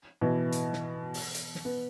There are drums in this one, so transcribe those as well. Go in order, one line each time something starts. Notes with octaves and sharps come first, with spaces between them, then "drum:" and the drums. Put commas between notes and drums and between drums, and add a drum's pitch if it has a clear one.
B2 E3
drum: hi-hat
drum: snare
drum: open hi-hat
drum: hi-hat
drum: snare
B3